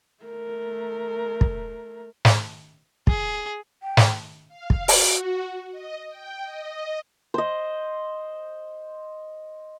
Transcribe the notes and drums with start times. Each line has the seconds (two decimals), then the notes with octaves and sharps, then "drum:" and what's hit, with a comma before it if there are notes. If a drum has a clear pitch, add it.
0.24 A3 A#4
1.41 drum: kick
2.25 drum: snare
3.07 G#4, drum: kick
3.83 G5
3.97 drum: snare
4.48 F5
4.70 drum: kick
4.88 F#4, drum: open hi-hat
5.71 D#5
6.09 G5
6.42 D#5
7.34 C5 D#5